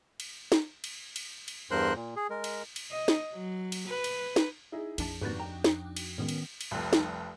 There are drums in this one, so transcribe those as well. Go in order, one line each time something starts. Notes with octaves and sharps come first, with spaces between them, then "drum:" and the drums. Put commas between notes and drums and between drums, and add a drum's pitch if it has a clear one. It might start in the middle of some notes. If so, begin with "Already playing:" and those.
drum: cymbal
drum: snare
drum: cymbal
drum: cymbal
drum: cymbal
E2 G2 A#4 C5 C6 F#6
A#2
G#4
G#3 A#4
drum: cymbal
drum: cymbal
D#5
drum: snare
F#3
drum: cymbal
B4
drum: cymbal
drum: snare
D#4 E4 G#4
A#1 F2 D4 A5, drum: cymbal
G#1 D#2 G#2 D4 D#4 F#4 B4 A6
G5 A#5
drum: snare
drum: cymbal
A2 D#3 G#3 B3 C#4
drum: cymbal
drum: cymbal
F1 C2
drum: snare